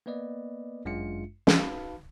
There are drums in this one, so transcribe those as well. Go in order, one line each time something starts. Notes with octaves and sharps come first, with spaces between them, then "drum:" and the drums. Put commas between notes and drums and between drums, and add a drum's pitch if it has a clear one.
A#3 B3 B4 D5 D#5
G1 F#2 G#3 D4 F4 C#7
D#4 F#4 B4 F5 A5 B5, drum: snare